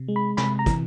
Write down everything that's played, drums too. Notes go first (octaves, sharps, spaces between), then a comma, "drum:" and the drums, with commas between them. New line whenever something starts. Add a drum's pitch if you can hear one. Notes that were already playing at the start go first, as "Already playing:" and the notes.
Already playing: C3
G#3
B5
C3 B5, drum: snare
A#5
E3, drum: kick, hi-hat